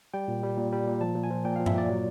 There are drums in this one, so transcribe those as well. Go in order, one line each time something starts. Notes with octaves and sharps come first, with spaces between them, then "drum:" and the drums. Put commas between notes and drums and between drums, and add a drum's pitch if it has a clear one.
G3 G5
A#2
G3
A#2
G3
A#2
F3 A5
A#2
G#5
F3
A#2 G5
F3 F5
E5, drum: tom G2
A#2 D5
F#3